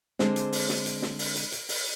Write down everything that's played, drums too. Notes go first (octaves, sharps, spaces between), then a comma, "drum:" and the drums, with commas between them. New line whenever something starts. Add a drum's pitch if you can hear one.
D3 G#3 C4 D4 G#4 C5, drum: snare
drum: hi-hat
drum: open hi-hat
drum: snare
drum: hi-hat
drum: snare
drum: open hi-hat
drum: hi-hat
drum: hi-hat
drum: open hi-hat